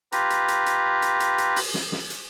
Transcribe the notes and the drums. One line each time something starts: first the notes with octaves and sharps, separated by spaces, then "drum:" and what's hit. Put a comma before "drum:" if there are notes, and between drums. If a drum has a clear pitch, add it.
F4 G4 B4 A#5, drum: hi-hat
drum: hi-hat
drum: hi-hat
drum: hi-hat
drum: hi-hat
drum: hi-hat
drum: hi-hat
drum: open hi-hat
drum: snare
drum: snare
drum: hi-hat